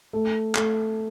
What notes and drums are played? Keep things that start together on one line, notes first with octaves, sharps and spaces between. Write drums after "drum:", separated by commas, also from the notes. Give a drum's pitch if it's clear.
A3
A3, drum: clap